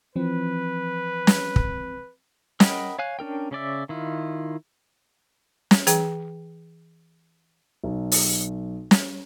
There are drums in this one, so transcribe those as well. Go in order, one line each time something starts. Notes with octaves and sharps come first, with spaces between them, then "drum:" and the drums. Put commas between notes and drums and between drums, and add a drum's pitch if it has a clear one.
E3 F3 C4 B4
drum: snare
drum: kick
A#4 D#5 F#5 G5 B5, drum: snare
C#5 F5 G#5 F#6
C#4 D4 A#4 G5
C#3 C#4 D5 E5
D#3 E4 F4
drum: snare
E3 G#4 G5, drum: hi-hat
B1
drum: open hi-hat
drum: snare